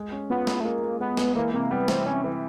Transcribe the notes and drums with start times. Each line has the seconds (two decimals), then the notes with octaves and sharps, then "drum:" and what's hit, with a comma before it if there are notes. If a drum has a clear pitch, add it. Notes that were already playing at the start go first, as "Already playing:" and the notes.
Already playing: G#3
0.12 C#4
0.30 B3 F4
0.47 G#3, drum: snare
0.60 A3
0.64 G#3 A#3
0.83 G#3
1.00 G#3 B3
1.17 G#3, drum: snare
1.35 E3 A#3
1.53 C3 A#3
1.71 G3 B3
1.88 E3 C4, drum: snare
2.06 C3 C#4
2.24 E3